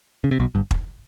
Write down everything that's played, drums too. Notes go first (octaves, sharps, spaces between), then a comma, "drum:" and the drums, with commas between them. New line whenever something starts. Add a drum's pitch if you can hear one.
C#3
C3
B1 B2
G1 G2
drum: kick